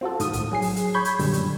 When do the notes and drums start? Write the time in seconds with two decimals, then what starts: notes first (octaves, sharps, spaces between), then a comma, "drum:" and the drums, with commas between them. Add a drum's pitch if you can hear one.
0.01 C4 F4 F#4 A4
0.20 A2 D#3 D#6 D#7, drum: hi-hat
0.33 drum: kick, hi-hat
0.51 F#3 G#4 C7
0.62 drum: open hi-hat
0.76 drum: hi-hat
0.94 C#5 B5 G6 G#6
1.05 drum: hi-hat
1.19 F#2 A#2 D3 G3, drum: open hi-hat
1.33 drum: hi-hat